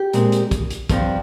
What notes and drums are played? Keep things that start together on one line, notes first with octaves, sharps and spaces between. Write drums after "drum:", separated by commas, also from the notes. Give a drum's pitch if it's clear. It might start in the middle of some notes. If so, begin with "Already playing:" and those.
Already playing: G4
A#2 G#3 C4, drum: hi-hat
drum: hi-hat
drum: kick, hi-hat
drum: hi-hat
G2 F3 C4, drum: kick, hi-hat